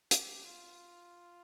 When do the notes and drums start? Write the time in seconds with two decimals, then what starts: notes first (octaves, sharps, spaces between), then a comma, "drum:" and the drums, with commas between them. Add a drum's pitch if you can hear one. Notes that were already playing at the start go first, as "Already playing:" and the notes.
0.11 G4, drum: hi-hat
0.44 F4